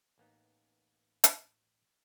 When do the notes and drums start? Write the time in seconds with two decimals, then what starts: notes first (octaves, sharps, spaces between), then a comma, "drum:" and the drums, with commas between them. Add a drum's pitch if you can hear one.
0.18 A1 A#3 B3 D#4
1.24 drum: hi-hat